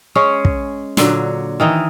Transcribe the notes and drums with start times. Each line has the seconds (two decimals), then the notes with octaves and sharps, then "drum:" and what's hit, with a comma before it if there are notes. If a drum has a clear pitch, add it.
0.15 G#3 C#4 G#4 C#5
0.45 drum: kick
0.97 A#2 D3 F#3, drum: snare
1.60 D#3 E3 D#4